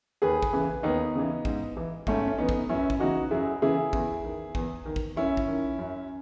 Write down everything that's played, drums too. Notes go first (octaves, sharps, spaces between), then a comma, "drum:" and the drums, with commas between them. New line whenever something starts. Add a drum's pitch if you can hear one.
D#2 G#4 B4
drum: kick
C#3 E3
D#2 B3 D#4
C#3 E3
G#2, drum: kick
E3
G#2 A3 C#4, drum: kick
C#4
E3 B3 D#4
drum: kick
F#2 C#4 E4
drum: kick
C#3 E3 D#4 F#4
F#2 E4 G#4
C#3 E3 E4 G#4
E2, drum: kick
D#3
E2, drum: kick
D#3
drum: kick
F#2 C#4 E4
drum: kick
D#3
F#2